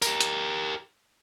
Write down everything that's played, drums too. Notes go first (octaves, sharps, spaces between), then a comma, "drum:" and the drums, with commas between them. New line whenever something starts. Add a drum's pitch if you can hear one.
G4 A#4, drum: tambourine
drum: hi-hat